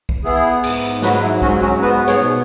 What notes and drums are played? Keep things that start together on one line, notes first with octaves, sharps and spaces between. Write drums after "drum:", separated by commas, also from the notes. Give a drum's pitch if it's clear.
drum: kick
B3 E4 G#4
G#2, drum: cymbal
F#3 F#4 B4, drum: snare
E4
G#2 C#4 F#4, drum: kick
C#4 F#4
B3 F#4 B4
G#4 C#5, drum: hi-hat
B2